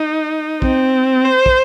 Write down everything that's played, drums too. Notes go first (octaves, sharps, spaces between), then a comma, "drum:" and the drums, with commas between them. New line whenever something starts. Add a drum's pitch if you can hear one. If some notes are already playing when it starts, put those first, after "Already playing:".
Already playing: D#4
C4, drum: kick
C5
drum: kick